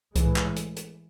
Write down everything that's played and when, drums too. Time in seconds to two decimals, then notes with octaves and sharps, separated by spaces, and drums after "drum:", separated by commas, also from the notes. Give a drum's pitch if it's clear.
0.16 A2 E3 G#3, drum: kick C2, hi-hat
0.36 drum: clap
0.56 drum: hi-hat
0.77 drum: hi-hat